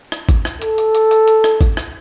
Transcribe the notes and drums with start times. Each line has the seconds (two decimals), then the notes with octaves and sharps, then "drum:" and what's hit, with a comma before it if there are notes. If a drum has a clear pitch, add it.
0.12 drum: rim click
0.29 drum: kick G#1, hi-hat
0.45 drum: rim click
0.62 A4, drum: hi-hat
0.78 drum: hi-hat
0.95 drum: hi-hat
1.11 drum: hi-hat
1.28 drum: hi-hat
1.44 drum: rim click
1.61 drum: kick G#1, hi-hat
1.77 drum: rim click